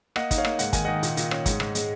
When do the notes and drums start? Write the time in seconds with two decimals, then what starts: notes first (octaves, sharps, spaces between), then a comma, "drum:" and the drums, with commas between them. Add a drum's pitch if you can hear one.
0.16 A#3 D#5 F#5, drum: rim click
0.31 D#4, drum: kick, hi-hat
0.38 C#5 F5
0.45 A#3, drum: rim click
0.59 G#2 F#5, drum: hi-hat
0.73 D#3 G#5, drum: kick, hi-hat
0.85 D#3 D#5 F#5
1.03 A#2, drum: hi-hat
1.17 A#2, drum: hi-hat
1.31 C#4, drum: rim click
1.46 G#2, drum: kick, hi-hat
1.60 G#2, drum: rim click
1.75 G#3, drum: hi-hat